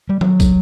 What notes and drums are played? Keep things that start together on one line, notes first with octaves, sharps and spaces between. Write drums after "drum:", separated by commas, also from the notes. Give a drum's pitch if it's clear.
G3
F#3, drum: tom
drum: kick, tambourine